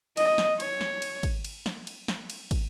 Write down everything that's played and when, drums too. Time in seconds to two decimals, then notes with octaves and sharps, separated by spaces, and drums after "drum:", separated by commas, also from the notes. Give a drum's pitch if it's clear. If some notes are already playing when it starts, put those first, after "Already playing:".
0.17 D#5, drum: cymbal
0.38 drum: snare
0.60 C#5, drum: cymbal
0.81 drum: snare
1.02 drum: cymbal
1.23 drum: kick, cymbal
1.45 drum: cymbal
1.66 drum: snare
1.87 drum: cymbal
2.08 drum: snare
2.30 drum: cymbal
2.51 drum: kick, cymbal